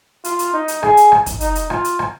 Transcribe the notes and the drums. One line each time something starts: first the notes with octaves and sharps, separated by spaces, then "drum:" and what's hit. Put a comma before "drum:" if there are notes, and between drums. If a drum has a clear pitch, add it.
F4, drum: hi-hat
drum: hi-hat
D#4
drum: hi-hat
G#4, drum: rim click
drum: hi-hat
drum: rim click
drum: kick, hi-hat
D#4, drum: hi-hat
drum: hi-hat
F4, drum: rim click
drum: hi-hat
drum: rim click